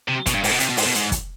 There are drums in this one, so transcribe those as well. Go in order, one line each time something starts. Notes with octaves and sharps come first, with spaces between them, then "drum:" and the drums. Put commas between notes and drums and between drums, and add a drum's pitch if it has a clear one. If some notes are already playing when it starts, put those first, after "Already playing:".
C3
B2, drum: kick, hi-hat
G2
G#2, drum: open hi-hat
B2
C3, drum: hi-hat
B2
G#2, drum: open hi-hat
B2
G#2, drum: hi-hat
drum: kick, hi-hat